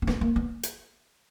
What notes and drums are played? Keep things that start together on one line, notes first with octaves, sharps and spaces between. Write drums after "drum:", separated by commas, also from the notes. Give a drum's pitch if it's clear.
C4
B3, drum: snare
A#3
B3
drum: hi-hat